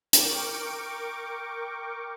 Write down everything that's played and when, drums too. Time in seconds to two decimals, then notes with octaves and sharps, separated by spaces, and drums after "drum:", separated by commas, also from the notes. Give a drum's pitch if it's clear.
0.13 A#4 G5 C#6 D6, drum: hi-hat